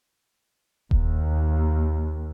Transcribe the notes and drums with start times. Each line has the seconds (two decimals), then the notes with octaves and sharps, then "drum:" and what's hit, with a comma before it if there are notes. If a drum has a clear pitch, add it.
0.91 D#2, drum: kick D#1